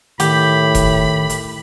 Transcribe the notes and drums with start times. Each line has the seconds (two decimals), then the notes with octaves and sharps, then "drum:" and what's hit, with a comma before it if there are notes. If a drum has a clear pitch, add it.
0.20 A2 D#3 G4 B5, drum: hi-hat
0.75 drum: kick F1, hi-hat
1.30 drum: hi-hat